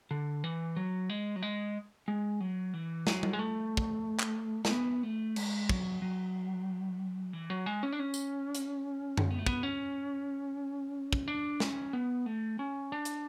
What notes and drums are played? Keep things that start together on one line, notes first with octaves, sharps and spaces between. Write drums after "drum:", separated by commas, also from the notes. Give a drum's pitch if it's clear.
D3
E3
F#3
G#3
F#3
G#3
G#3
F#3
E3
F#3, drum: snare
drum: tom G3
G#3
A3
drum: kick
drum: clap
A3, drum: snare
B3
A3
G#3, drum: cymbal
F#3, drum: kick
F#3
E3
F#3
G#3
C#4
D4
C#4
drum: tambourine
drum: hi-hat
drum: tom F#2
B3
A3
B3, drum: kick
C#4
drum: kick
D4
C#4, drum: snare
B3
A3
C#4
D4
drum: hi-hat